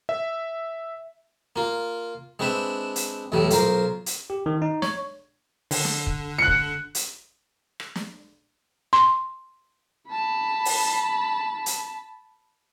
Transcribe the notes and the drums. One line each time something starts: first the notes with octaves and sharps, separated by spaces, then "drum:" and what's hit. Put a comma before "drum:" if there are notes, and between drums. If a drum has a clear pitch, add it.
E5
A#3 F4
G#3 C4 D4 B4 E5
drum: hi-hat
B1 E2 A2 G3 A3
B1 F4 A#4 C5, drum: hi-hat
drum: hi-hat
G4
D#3
D#4
C#5, drum: snare
D3, drum: open hi-hat
drum: snare
drum: kick
F#6 C#7
drum: kick
drum: hi-hat
drum: rim click
drum: snare
C6
A5 B5
drum: open hi-hat
drum: hi-hat